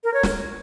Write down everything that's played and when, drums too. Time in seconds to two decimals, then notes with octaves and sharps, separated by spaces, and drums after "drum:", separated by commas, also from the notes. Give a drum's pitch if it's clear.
0.04 A#4
0.14 C#5
0.23 drum: snare